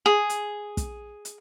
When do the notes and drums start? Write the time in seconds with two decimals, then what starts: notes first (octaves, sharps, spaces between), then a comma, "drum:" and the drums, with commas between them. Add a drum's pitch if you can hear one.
0.06 G#4
0.30 drum: hi-hat
0.77 drum: kick, hi-hat
1.25 drum: hi-hat